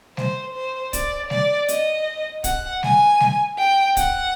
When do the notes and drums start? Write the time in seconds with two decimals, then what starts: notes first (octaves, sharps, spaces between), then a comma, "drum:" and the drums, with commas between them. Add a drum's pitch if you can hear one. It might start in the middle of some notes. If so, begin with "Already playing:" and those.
0.17 C5, drum: snare
0.54 C5
0.93 D5, drum: kick, hi-hat
1.30 D5, drum: snare
1.69 D#5, drum: hi-hat
2.44 F#5, drum: kick, hi-hat
2.83 G#5, drum: snare
3.20 drum: snare
3.58 G5
3.97 F#5, drum: kick, hi-hat